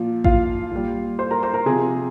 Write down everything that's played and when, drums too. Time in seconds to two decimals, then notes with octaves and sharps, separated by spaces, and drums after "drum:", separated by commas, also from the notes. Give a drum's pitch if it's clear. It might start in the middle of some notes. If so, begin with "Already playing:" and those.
Already playing: A#2 F3
0.24 F4 F5, drum: kick A1
0.71 A#2 G3
1.19 C5 C6
1.31 A#4 A#5
1.43 C5 C6
1.54 A#4 A#5
1.66 C3 F3 G#4 G#5